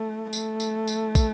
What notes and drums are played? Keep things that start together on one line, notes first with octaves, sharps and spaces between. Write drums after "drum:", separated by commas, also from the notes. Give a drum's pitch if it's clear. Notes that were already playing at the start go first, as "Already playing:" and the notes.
Already playing: A3
A3, drum: tambourine
drum: tambourine
drum: tambourine
drum: kick, tambourine